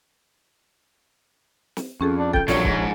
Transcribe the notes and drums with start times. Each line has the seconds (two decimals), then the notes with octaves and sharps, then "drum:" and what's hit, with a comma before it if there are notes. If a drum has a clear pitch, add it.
1.77 drum: snare
2.01 F2 C#4 G#4 A4
2.17 D4
2.34 A4 G5 G6, drum: kick
2.48 A#1 G2 F3 F#3 C#5 D5, drum: snare
2.64 G#2, drum: kick